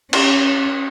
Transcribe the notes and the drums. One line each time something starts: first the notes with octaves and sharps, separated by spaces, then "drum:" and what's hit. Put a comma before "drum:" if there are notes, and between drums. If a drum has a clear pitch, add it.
C#4, drum: cymbal